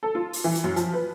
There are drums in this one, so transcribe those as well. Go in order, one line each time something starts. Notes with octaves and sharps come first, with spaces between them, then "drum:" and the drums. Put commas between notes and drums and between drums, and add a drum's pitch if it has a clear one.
A4
F4
drum: open hi-hat
E3
drum: hi-hat
F#2
F3, drum: hi-hat
B4